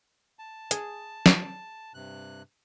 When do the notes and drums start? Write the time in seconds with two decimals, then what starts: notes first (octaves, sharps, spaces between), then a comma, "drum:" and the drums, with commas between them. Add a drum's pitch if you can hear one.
0.39 A5
0.71 G#4, drum: hi-hat
1.26 drum: snare
1.94 G2 C3 F#6